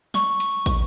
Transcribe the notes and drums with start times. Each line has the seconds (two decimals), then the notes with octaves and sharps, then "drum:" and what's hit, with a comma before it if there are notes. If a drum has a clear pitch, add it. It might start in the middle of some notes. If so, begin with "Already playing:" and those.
0.14 C#6, drum: snare
0.40 drum: hi-hat
0.66 drum: kick, hi-hat